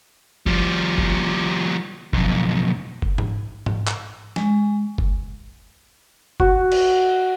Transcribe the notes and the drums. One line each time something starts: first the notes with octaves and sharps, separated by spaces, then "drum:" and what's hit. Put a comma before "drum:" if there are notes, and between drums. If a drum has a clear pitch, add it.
F3 G3, drum: kick F#1
drum: kick F#1
B1 F2, drum: kick F#1
drum: kick F#1
drum: tom G#2
drum: tom G#2
drum: clap
G#3, drum: snare
drum: kick F#1
F#4, drum: kick F#1
drum: cymbal